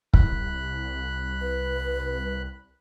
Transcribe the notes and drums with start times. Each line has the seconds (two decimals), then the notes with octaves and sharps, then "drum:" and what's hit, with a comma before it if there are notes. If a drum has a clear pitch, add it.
0.14 C2 B5 F#6, drum: kick
1.41 B4